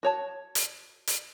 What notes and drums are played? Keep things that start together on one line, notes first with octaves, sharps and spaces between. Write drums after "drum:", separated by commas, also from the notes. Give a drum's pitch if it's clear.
F#4 C#5 A5
drum: hi-hat
drum: hi-hat